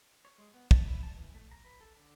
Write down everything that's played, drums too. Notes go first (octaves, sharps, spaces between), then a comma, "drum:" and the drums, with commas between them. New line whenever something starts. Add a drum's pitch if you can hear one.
C#5
G#3
B3
A5, drum: kick
E4
A5
E3
A3
A#5
B4
A4
D3